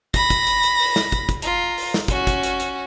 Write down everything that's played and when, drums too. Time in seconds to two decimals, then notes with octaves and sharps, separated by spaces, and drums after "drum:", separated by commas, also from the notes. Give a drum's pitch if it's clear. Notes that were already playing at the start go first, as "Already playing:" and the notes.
0.14 B5 A#6, drum: kick, hi-hat
0.30 drum: kick, hi-hat
0.47 drum: hi-hat
0.63 drum: hi-hat
0.80 drum: open hi-hat
0.96 drum: snare
1.12 drum: kick, hi-hat
1.29 drum: kick, hi-hat
1.42 F4 A#5, drum: hi-hat
1.78 drum: open hi-hat
1.94 drum: snare
2.08 C#4 F#4, drum: kick, hi-hat
2.27 drum: kick, hi-hat
2.43 drum: hi-hat
2.60 drum: hi-hat